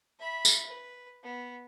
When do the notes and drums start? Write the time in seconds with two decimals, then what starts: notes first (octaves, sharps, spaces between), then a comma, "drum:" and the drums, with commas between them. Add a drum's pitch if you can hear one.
0.19 E5 B5
0.45 drum: tambourine
0.65 B4
1.23 B3